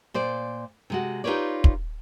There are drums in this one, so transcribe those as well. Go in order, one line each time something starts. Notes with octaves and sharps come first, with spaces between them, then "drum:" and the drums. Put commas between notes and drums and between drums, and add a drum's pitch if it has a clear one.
A#2 C5 D5
C3 G#3 F#4
D#4 F4 G4 B4 C#5 D5
drum: kick